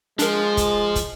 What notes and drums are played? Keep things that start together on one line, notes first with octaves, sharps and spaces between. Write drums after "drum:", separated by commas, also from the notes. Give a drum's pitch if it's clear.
F3 G#3 D4 A#4, drum: hi-hat
drum: kick, hi-hat
drum: kick, hi-hat